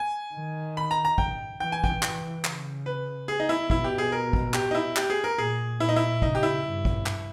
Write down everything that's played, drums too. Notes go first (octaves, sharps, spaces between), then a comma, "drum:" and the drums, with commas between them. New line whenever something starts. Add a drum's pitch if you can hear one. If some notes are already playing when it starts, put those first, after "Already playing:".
Already playing: G#5
D#3
B5
A#5
A#5
G5, drum: kick
E3 G5
G#5
G5, drum: kick
E3, drum: clap
C#3, drum: clap
B4
G#4
D#4
E4
B2 E4, drum: kick
G4
G#4
A#4
drum: kick
G4, drum: clap
D#4
E4
G4, drum: clap
G#4
A#4
A#2 G#4
A#2 E4
D#4
E4
C#3 D#4, drum: kick
G4
E4
G2
drum: kick
drum: clap